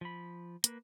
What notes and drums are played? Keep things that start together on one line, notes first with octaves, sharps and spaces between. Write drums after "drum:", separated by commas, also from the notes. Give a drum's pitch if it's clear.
F3 B5
A#3 B4, drum: hi-hat